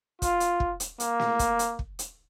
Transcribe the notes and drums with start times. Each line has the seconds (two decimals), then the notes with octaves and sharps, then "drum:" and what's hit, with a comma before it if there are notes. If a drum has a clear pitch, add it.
0.22 F4, drum: kick, hi-hat
0.40 drum: hi-hat
0.60 drum: kick
0.80 drum: hi-hat
1.00 A#3, drum: hi-hat
1.19 drum: snare
1.39 drum: kick, hi-hat
1.59 drum: hi-hat
1.79 drum: kick
1.99 drum: hi-hat